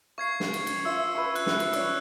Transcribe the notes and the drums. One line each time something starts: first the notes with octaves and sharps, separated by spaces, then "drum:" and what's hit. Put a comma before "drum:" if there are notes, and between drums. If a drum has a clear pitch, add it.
F5 C#6 G#6 C7
drum: snare
drum: cymbal
drum: cymbal
F4 E5 E6
B4 C#6
F#6, drum: cymbal
drum: snare
drum: cymbal
C#5 D5 E6, drum: cymbal